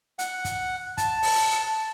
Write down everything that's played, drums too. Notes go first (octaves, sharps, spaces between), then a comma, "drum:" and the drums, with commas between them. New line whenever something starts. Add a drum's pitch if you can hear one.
F#5, drum: hi-hat
drum: kick, hi-hat
A5, drum: kick, hi-hat
drum: open hi-hat